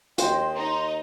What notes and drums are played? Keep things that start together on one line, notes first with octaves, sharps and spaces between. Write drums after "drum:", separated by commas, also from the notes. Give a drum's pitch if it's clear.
D#2 C5 D#5 G5 C6, drum: hi-hat
D#4 A#5